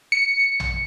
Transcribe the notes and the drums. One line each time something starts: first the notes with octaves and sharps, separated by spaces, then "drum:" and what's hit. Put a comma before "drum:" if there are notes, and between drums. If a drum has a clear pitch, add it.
C#7
drum: tom